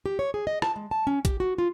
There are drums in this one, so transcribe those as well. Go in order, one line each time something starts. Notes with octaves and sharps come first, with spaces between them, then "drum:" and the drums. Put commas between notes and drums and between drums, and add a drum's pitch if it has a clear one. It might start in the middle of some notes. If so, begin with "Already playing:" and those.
G4
C#5
G#4
D#5
A5, drum: rim click
G#3
A5
C#4
G4, drum: kick, hi-hat
F#4
F4